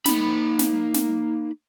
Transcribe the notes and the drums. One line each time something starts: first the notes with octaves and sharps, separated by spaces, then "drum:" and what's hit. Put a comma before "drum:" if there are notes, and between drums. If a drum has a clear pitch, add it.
A#3 D#4 B5, drum: snare
drum: snare
drum: snare